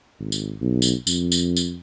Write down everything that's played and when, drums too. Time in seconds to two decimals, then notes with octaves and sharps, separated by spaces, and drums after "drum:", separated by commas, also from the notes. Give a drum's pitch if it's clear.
0.19 G#1
0.32 drum: tambourine
0.61 B1
0.82 drum: tambourine
1.07 F2, drum: tambourine
1.32 drum: tambourine
1.57 drum: tambourine